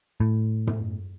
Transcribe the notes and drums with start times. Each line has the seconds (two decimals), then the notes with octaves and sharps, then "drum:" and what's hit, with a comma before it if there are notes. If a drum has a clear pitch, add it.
0.20 A2
0.67 drum: tom